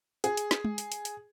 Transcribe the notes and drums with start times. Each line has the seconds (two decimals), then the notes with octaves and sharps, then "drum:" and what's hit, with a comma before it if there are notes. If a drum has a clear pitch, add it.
0.24 G#4, drum: hi-hat
0.37 drum: hi-hat
0.51 drum: snare
0.65 drum: tom G#3
0.78 drum: hi-hat
0.92 drum: hi-hat
1.05 drum: hi-hat